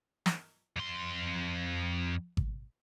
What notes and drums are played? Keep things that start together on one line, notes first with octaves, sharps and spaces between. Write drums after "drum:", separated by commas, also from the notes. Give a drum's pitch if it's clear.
drum: snare
F2 C6
drum: kick G#1